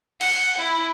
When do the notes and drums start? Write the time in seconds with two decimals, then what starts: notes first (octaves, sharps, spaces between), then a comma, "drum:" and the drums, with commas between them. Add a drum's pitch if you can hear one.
0.21 F#5, drum: cymbal
0.59 E4